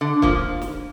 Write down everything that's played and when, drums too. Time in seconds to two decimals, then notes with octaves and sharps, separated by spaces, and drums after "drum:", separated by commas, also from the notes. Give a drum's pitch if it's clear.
0.01 D3
0.22 F3 A#3, drum: kick
0.62 drum: snare